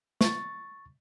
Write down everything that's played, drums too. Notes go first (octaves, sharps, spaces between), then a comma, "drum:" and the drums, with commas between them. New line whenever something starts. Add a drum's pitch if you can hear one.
C#6 A6, drum: snare